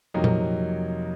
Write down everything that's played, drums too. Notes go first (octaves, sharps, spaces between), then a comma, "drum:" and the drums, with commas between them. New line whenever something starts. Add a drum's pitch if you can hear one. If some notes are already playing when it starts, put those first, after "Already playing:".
F2 C3 F#3 A#3 D#4
drum: tom A#2